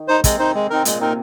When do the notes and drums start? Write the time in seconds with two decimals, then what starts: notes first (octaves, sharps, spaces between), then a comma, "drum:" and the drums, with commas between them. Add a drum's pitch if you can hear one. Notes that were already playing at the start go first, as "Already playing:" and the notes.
Already playing: D#3
0.08 D#4 C5
0.24 C3 G#3, drum: kick, hi-hat
0.39 D#4 C5
0.55 G#3
0.70 C4 D#4 A#4
0.85 A#2 G#3, drum: hi-hat
1.01 C3 C4 D#4 A#4